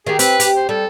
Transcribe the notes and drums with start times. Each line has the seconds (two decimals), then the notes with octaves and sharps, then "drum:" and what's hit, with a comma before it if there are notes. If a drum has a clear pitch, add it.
0.07 D#3 G4 G#4
0.19 C4 B4, drum: hi-hat
0.40 G4, drum: hi-hat
0.56 C5
0.69 G3 A4